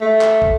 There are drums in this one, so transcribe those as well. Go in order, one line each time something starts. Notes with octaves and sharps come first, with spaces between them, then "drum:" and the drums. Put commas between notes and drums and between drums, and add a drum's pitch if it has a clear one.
A3
drum: clap
drum: kick